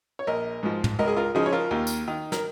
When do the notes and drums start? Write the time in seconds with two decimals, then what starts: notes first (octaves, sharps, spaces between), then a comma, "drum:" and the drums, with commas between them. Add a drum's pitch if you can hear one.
0.19 C#5
0.27 A#1 A#4 D#5
0.63 G#2 F3
0.84 drum: tom
0.99 C#2 A#4 D#5
1.08 G#4
1.17 F4 A#4
1.35 C#3 F3 D#4 G#4
1.46 C#5
1.53 F4 A#4
1.71 D#2
1.87 drum: tambourine
2.08 D#3
2.32 A#4, drum: snare